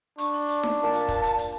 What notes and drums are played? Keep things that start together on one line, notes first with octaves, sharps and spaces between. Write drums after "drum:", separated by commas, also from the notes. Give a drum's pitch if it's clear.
D4 C#6, drum: hi-hat
drum: open hi-hat
drum: hi-hat
drum: snare D#4
A#2 A5
drum: hi-hat
drum: kick, hi-hat
drum: hi-hat
drum: hi-hat